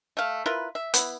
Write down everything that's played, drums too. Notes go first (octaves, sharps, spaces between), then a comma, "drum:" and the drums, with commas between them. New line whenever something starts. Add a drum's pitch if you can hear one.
A3 F5
E4 F4 A#4 B4
E5
B3 E4, drum: hi-hat